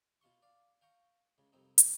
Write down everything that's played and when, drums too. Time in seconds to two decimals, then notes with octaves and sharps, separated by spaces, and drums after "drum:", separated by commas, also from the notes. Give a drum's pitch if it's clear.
0.21 B2 F4 C6 C#6
0.42 D5 F5
0.81 F5 G5 A#5 C#6
1.38 C#2 C#3
1.53 C2 F2 C4 D#4
1.78 drum: hi-hat